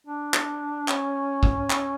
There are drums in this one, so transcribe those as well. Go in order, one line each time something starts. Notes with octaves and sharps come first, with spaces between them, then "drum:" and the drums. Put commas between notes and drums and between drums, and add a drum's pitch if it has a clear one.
D4
drum: clap
C#4, drum: clap
drum: kick
drum: clap